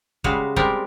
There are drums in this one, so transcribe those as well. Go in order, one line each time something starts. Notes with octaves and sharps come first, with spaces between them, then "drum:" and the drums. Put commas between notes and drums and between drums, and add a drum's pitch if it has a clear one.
C#3 G3 G#3 F#4 F5, drum: kick
G3 G#3 C4 A#4 D5, drum: kick